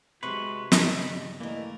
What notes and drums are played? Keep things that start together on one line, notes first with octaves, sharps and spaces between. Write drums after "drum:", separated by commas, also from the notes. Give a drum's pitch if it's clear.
C3 F#3 G#3 B4 C6 C#6
G2 C#3 G3 B3 D#5 A#6 B6, drum: snare
E3 A3 A#3 A#4 D5 D#5